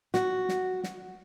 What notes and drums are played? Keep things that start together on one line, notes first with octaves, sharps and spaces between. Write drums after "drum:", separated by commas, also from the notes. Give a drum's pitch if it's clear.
F#4, drum: snare
drum: snare
drum: snare